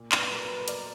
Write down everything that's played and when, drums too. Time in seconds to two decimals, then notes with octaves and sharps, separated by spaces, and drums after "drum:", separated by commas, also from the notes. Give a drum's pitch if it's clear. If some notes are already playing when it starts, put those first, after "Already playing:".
Already playing: A#2
0.12 D5, drum: clap
0.18 B4
0.29 F#3 A#4
0.43 B4
0.59 B4
0.68 B3 A#4 D5, drum: hi-hat